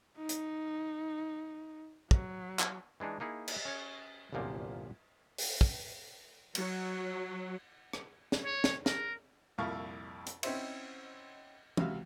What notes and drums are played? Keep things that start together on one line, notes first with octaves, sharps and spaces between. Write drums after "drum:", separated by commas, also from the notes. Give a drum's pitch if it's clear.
D#4
drum: hi-hat
F#3, drum: kick
drum: clap
E3 G#3 D4 D#4
A#3 D#4 E4 G#4
drum: cymbal
C#4 C#5
G1 C2 F#2 A#2 F3 A#3
drum: open hi-hat
drum: kick
F#3, drum: cymbal
drum: rim click
drum: snare
C#5
drum: snare
A#4, drum: snare
C2 F2 A#2 E4 F5 C#6
drum: hi-hat
C4 C#4 D#4 E4 C5 E5, drum: cymbal
C#2 C3 F#4 E5 F5, drum: tom